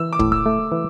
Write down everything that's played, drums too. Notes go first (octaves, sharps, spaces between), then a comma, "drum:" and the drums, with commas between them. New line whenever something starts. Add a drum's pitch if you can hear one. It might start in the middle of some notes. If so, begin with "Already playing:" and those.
Already playing: E3 E6
D6
A2, drum: kick
E6
A3
E3